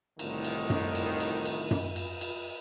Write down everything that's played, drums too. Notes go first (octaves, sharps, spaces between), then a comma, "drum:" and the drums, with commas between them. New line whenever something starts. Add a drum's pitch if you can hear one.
C2 A2 D3 D#3, drum: cymbal
drum: cymbal
drum: tom F#2
drum: cymbal
drum: cymbal
drum: cymbal
drum: tom F#2
drum: cymbal
drum: cymbal